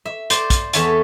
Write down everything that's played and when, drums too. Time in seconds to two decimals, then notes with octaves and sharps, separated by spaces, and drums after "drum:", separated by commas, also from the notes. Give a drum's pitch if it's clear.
0.05 E5
0.30 C5 D5, drum: hi-hat
0.50 drum: kick, hi-hat
0.73 E2 A4 C#5 E5 A5, drum: hi-hat